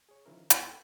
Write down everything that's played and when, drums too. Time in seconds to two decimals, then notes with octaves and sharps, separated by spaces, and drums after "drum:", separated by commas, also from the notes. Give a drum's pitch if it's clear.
0.09 G#4 C#5
0.26 D#3 F3 C#4 E4 A#4
0.50 D#2 B3 E4 G#4 D5 A#5, drum: hi-hat
0.66 A4 B4 G5 G#5 G#6